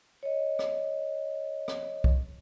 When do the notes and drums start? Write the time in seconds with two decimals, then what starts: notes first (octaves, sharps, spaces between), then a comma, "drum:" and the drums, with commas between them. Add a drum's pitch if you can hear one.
0.23 C#5 D#5
0.59 drum: rim click
1.68 drum: rim click
2.04 drum: kick